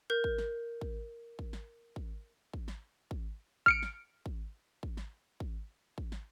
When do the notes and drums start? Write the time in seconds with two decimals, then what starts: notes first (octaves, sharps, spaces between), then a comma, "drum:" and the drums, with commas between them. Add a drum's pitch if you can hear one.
0.10 A#4 G6
0.24 drum: kick
0.38 drum: snare
0.81 drum: kick
1.39 drum: kick
1.53 drum: snare
1.96 drum: kick
2.54 drum: kick
2.68 drum: snare
3.11 drum: kick
3.66 F6 C#7 D7, drum: kick
3.83 drum: snare
4.26 drum: kick
4.83 drum: kick
4.97 drum: snare
5.40 drum: kick
5.98 drum: kick
6.12 drum: snare